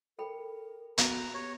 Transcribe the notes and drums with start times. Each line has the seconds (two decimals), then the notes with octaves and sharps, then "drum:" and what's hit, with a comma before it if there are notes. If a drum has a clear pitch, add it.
0.19 A4 A#4 G5 B5
0.98 B3 F#4 A#5, drum: hi-hat
1.34 G4 C#5